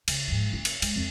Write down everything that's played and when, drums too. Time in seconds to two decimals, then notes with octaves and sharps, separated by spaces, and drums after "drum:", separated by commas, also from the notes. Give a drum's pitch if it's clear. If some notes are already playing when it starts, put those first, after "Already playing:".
0.08 C#3, drum: cymbal
0.28 G#2 F3
0.50 F#1 F4
0.65 drum: cymbal
0.82 G#3, drum: cymbal
0.96 F2